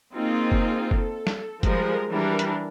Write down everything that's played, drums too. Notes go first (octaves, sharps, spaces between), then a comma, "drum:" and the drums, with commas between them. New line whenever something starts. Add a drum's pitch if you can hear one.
A#3 C4 D#4 F4 G#4
drum: kick
A4, drum: kick
drum: snare
F3 G3 G#3 A#4, drum: kick, hi-hat
E3 G3 D4 A#4
drum: hi-hat